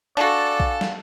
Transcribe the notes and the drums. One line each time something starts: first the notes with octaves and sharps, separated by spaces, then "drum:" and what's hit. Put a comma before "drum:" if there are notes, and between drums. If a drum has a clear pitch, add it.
D4 F#4 A4 D5 F5 G#5
drum: kick A#1
drum: snare